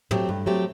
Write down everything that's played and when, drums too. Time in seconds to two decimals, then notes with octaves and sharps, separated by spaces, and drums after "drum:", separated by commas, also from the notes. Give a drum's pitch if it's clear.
0.11 F#3 A3 C4 G4, drum: tom
0.29 G2
0.46 F#3 A3 C4 G4